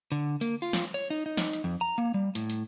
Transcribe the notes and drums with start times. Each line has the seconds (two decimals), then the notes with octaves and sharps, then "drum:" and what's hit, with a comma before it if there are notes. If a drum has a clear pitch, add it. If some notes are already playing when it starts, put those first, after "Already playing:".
0.12 D3
0.41 A#3, drum: hi-hat
0.62 F4
0.73 drum: snare
0.94 C#5
1.10 D#4
1.26 D#4
1.37 drum: snare
1.53 drum: hi-hat
1.64 F2
1.81 A#5
1.98 A#3
2.14 G3
2.35 A2, drum: hi-hat
2.50 drum: hi-hat